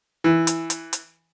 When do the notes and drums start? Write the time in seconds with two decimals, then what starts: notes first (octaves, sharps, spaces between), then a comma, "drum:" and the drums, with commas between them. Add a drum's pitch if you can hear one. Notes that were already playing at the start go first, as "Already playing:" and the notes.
0.24 E3
0.47 drum: hi-hat
0.70 drum: hi-hat
0.93 drum: hi-hat